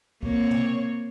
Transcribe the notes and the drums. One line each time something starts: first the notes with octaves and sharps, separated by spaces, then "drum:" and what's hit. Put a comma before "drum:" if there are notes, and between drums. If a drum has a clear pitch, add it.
A#3 C4 C#5, drum: kick C2
drum: tom